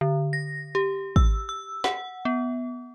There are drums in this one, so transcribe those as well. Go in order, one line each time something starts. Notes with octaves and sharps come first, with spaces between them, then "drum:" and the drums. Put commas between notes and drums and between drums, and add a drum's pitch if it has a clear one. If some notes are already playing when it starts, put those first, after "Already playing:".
D3
A#6
G4
E6, drum: kick
E6
F#5, drum: snare
B3